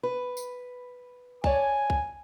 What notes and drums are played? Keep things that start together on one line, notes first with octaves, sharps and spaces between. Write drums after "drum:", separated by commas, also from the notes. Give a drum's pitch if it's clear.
B4
drum: tambourine
C#5 D5 G#5 A5, drum: kick C2
drum: kick C2